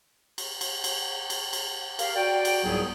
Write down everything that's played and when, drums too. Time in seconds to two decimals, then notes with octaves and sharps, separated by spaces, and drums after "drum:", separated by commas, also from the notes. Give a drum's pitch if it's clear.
0.38 drum: cymbal
0.61 drum: cymbal
0.84 drum: cymbal
1.30 drum: cymbal
1.53 drum: cymbal
1.99 G4 A#4 F5, drum: cymbal
2.16 F#4 D5 G5
2.45 drum: cymbal
2.63 C2 G#2 F#3 B3 F4 G#4